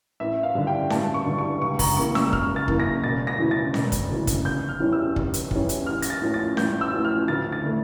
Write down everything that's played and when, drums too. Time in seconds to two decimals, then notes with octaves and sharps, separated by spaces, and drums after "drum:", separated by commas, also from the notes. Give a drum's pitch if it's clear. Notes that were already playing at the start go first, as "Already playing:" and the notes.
0.20 A1 E5
0.43 F5
0.55 G2 D3
0.67 G5
0.90 A1 A5, drum: snare C#4
1.14 C#6
1.26 G2 D3
1.38 C#6
1.62 C#2 C#6
1.79 A#5, drum: kick, open hi-hat
1.97 C#3 E3 A#3 C#6
2.15 E6, drum: snare C#4
2.33 C#2 F6, drum: kick
2.56 A6
2.68 C#3 E3 A#3, drum: kick
2.80 A#6
3.03 E1 A6
3.27 A#6
3.38 D2 C#3 E3
3.51 A6
3.74 E1, drum: snare C#4
3.92 drum: kick, hi-hat
4.09 D2 C#3 E3
4.27 drum: kick, hi-hat
4.45 F1 G6
4.69 F6
4.80 E2 E3 G3 C#4
4.93 E6
5.16 F1, drum: kick
5.34 drum: hi-hat
5.51 E2 E3 G3 C#4, drum: kick
5.69 drum: hi-hat
5.86 A1 F6
6.02 A#6, drum: hi-hat
6.10 A6
6.22 A2 F3 C#4
6.34 A6
6.57 A1 G6, drum: snare C#4
6.81 E6
6.93 A2 F3 C#4
7.05 F6
7.28 D2 A6
7.52 A6
7.63 D3 A3